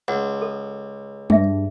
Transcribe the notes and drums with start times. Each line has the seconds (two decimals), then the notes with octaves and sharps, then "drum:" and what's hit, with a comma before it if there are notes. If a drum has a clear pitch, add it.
0.08 C#2 F#5
0.42 A4
1.30 G2 G#4 E5, drum: tom G3